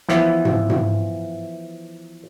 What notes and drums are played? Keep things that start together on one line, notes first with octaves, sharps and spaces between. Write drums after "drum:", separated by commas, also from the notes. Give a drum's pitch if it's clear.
E3 F3 B3, drum: snare
drum: tom G#2
drum: tom G#2